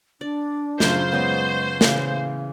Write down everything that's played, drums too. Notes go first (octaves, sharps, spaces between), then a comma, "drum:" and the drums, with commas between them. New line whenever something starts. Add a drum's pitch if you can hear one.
D4 D5
F#2 C#3 F4 C5, drum: snare
G#3 B3 C#4 D#5
C#3 E3 F5, drum: snare